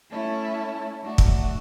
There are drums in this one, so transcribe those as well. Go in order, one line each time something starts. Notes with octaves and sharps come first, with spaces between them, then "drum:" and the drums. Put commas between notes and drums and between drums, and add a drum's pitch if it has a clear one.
A3 C#4 E4 A4
A3 D4 F#4
drum: kick